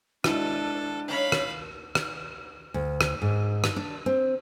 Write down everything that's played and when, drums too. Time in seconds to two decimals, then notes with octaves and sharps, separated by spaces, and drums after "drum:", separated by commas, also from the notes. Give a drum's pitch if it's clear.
0.24 G#3 D4 E4 F#4 A4, drum: rim click
1.08 F#3 C#4 D#4 F5 B5
1.32 drum: rim click
1.95 drum: rim click
2.74 D2
3.01 drum: rim click
3.22 G#2
3.64 drum: rim click
3.76 D4
4.06 C4